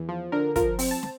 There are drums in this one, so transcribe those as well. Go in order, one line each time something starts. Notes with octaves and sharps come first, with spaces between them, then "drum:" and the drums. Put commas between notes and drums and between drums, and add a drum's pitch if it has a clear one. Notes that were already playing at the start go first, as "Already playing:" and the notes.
Already playing: E2
F3
D3 A#4
F3 A#4, drum: kick, hi-hat
C4, drum: open hi-hat
A5
drum: snare